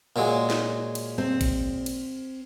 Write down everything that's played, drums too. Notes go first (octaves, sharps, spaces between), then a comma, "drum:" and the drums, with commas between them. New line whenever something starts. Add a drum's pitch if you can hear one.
A#2 F#3 G#3
drum: snare
drum: cymbal
C4
drum: kick A1, cymbal
drum: cymbal